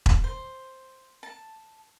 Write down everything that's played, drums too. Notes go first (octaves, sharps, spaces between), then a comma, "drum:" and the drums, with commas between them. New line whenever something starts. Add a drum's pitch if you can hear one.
drum: kick E1
C5
A5